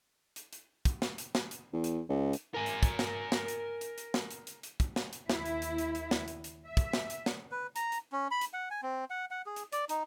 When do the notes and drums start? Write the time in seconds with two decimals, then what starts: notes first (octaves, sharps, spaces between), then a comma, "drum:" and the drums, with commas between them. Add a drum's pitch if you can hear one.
0.36 drum: hi-hat
0.53 drum: hi-hat
0.85 drum: kick, hi-hat
1.02 drum: snare
1.18 drum: hi-hat
1.35 drum: snare
1.51 drum: hi-hat
1.73 E2
1.84 drum: hi-hat
2.09 C#2
2.33 drum: hi-hat
2.54 A#4 G#5
2.66 drum: hi-hat
2.83 drum: kick, hi-hat
2.99 drum: snare
3.32 drum: snare
3.48 drum: hi-hat
3.81 drum: hi-hat
3.98 drum: hi-hat
4.14 drum: snare
4.31 drum: hi-hat
4.47 drum: hi-hat
4.63 drum: hi-hat
4.80 drum: kick, hi-hat
4.96 drum: snare
5.13 drum: hi-hat
5.30 D#2 E4, drum: snare
5.46 drum: hi-hat
5.62 drum: hi-hat
5.78 drum: hi-hat
5.95 drum: hi-hat
6.11 drum: snare
6.28 drum: hi-hat
6.44 drum: hi-hat
6.67 E5
6.77 drum: kick, hi-hat
6.93 drum: snare
7.10 drum: hi-hat
7.26 drum: snare
7.51 B4
7.76 A#5, drum: hi-hat
7.92 drum: hi-hat
8.12 C#4
8.31 B5
8.41 drum: hi-hat
8.53 F#5
8.71 G#5
8.82 C4
9.10 F#5
9.31 F#5
9.46 G#4
9.56 drum: hi-hat
9.73 D5, drum: hi-hat
9.89 D#4, drum: hi-hat